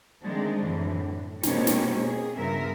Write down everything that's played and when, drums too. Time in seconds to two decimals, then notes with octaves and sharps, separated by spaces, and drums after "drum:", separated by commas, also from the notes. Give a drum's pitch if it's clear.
0.22 D3 D#3 G#3 A3 C4 D4
0.62 F#2 A2 D3 E3
1.01 E3
1.43 B2 G#3 A#3 C4 C#4 G4, drum: snare
1.67 drum: snare
1.99 G#4
2.38 G2 C#3 B3 F4 A#4 E5